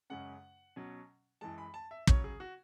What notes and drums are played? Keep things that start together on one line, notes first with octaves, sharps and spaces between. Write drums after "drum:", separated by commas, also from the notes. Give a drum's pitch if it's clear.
F#2 C#3 G#3 C#4 F#5
B2 F#3 C#4
F#2 E3 G#3 A5
B5
A5
E5
C#3 F#3 C#4 C#5, drum: kick
G#4
F#4